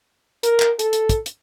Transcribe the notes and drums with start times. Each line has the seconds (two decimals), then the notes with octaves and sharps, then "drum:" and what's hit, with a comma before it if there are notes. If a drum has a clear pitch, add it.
0.43 A#4, drum: hi-hat
0.60 drum: clap
0.79 A4, drum: hi-hat
0.93 drum: hi-hat
1.09 drum: kick, hi-hat
1.26 drum: hi-hat